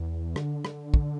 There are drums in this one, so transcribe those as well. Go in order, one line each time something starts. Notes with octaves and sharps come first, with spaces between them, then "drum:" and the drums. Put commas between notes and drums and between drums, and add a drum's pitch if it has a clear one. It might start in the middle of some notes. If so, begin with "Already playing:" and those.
Already playing: E2
D3, drum: rim click
drum: rim click
drum: kick